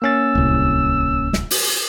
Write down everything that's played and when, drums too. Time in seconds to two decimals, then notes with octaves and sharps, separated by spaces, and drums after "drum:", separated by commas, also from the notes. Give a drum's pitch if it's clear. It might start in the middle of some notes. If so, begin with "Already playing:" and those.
0.02 A#3 C#4 E6 A6
0.35 D1 C2
1.33 drum: snare
1.51 drum: open hi-hat